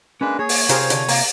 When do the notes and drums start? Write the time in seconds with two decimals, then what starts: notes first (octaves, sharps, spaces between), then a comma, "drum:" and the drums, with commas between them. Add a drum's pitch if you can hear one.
0.21 G#3 A#3 C#4 D4 B4
0.39 A#3 G#4 C#5
0.49 drum: open hi-hat
0.69 C3 F4 G4 G#4 A#4 C5 F5, drum: hi-hat
0.90 D3, drum: hi-hat
1.08 A#3, drum: open hi-hat